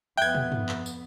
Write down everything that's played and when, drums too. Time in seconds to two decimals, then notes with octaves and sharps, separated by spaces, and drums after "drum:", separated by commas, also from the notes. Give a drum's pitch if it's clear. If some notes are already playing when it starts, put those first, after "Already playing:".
0.17 F2 B3 E5 G5 F#6 G#6 G7
0.35 drum: tom
0.52 drum: tom G2
0.69 drum: clap
0.86 drum: tambourine